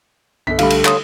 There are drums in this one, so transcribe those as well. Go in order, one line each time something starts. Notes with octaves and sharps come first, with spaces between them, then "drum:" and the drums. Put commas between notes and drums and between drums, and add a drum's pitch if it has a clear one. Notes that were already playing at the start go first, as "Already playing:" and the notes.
G1 C2 A4 B6
D3 G3 A3 F5 B5, drum: cymbal
drum: cymbal
A4 C#5 F5 C6 D#6, drum: clap